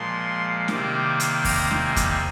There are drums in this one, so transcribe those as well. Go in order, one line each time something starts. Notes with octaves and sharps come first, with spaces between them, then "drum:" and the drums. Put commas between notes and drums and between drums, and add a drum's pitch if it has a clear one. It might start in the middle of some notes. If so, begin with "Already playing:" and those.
Already playing: A#2 F3 G#3 C6
C3 D#3 G3 A#3 D6, drum: snare
drum: hi-hat
A#5, drum: kick E2, open hi-hat
drum: snare
G#5
drum: kick E2, hi-hat